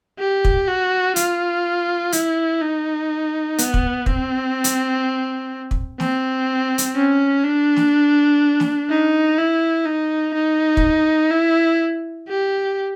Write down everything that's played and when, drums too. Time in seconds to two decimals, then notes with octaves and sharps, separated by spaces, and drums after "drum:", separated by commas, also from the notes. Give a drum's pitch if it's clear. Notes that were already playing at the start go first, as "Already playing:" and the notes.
0.19 G4
0.45 drum: kick
0.67 F#4
1.16 F4, drum: hi-hat
2.12 E4, drum: hi-hat
2.61 D#4
3.58 B3, drum: hi-hat
3.74 drum: kick
4.06 C4, drum: kick
4.64 drum: hi-hat
5.71 drum: kick
6.00 C4, drum: snare
6.78 drum: hi-hat
6.96 C#4
7.44 D4
7.76 drum: snare
8.60 drum: snare
8.90 D#4
9.38 E4
9.86 D#4
10.34 D#4
10.77 drum: kick
11.31 E4
12.28 G4